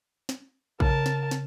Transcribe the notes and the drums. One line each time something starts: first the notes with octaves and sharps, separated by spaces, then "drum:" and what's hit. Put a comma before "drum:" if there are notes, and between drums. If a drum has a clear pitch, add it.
drum: snare
C#3 A#4 A5, drum: kick A#1
drum: snare
drum: snare